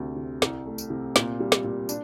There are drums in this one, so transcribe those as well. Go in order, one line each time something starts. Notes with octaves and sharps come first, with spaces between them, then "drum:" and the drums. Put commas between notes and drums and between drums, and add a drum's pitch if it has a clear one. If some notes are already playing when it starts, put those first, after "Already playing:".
Already playing: D2 C3
C3
C2, drum: snare
A3
drum: tambourine
C3
A#2, drum: snare
G3
drum: snare
A#2
D4, drum: tambourine